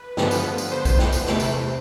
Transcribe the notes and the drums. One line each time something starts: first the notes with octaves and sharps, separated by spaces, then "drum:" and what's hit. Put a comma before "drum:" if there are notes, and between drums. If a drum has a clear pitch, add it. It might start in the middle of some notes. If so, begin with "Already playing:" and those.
Already playing: B4
G2 D3 F3 B3, drum: snare
drum: tambourine
drum: tambourine
C5
drum: kick, tambourine
drum: snare
drum: tambourine
E2 C3 E3 A3, drum: snare
drum: tambourine